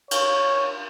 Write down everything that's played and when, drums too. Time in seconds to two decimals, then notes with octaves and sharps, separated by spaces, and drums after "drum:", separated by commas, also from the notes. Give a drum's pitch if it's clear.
0.11 C#5, drum: cymbal